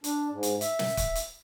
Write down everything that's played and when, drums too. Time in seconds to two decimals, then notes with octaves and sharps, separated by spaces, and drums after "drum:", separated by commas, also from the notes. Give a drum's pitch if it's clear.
0.04 D4, drum: hi-hat
0.31 G#2
0.43 drum: hi-hat
0.61 E5, drum: hi-hat
0.79 drum: snare
0.97 drum: kick, hi-hat
1.15 drum: hi-hat